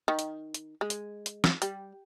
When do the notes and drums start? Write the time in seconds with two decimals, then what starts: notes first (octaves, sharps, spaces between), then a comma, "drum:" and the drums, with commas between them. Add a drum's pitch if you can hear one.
0.08 D#3
0.19 drum: hi-hat
0.54 drum: hi-hat
0.81 G#3
0.90 drum: hi-hat
1.26 drum: hi-hat
1.44 drum: snare
1.62 G3, drum: hi-hat